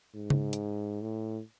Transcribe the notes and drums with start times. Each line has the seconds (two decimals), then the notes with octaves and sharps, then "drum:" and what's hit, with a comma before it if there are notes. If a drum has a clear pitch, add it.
0.15 G#2
0.30 drum: tom C#3
0.53 drum: hi-hat
1.01 A2